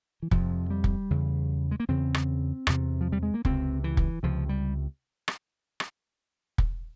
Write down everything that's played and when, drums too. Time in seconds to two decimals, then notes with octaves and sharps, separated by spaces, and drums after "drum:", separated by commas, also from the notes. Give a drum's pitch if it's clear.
0.22 E3
0.31 F2 C3 F3, drum: kick
0.70 G3
0.84 drum: kick
1.11 E2 C#3
1.71 G#3
1.80 A#3
1.88 E2 C#3 C4
2.14 drum: rim click
2.67 E2 C3, drum: rim click
3.01 F3
3.12 G3
3.23 G#3
3.34 A#3
3.45 C#2 C3 C4, drum: kick
3.84 E3
3.97 drum: kick
4.23 C#2 C3 F3
4.49 G3
5.28 drum: rim click
5.80 drum: rim click
6.58 drum: kick